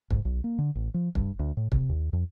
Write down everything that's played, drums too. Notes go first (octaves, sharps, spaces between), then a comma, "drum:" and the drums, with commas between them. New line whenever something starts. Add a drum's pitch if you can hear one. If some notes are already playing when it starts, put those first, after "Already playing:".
G#2, drum: kick
B1
A#3
D3
A1
F3
G2, drum: kick
D2
A2
C3, drum: kick
D#2
F2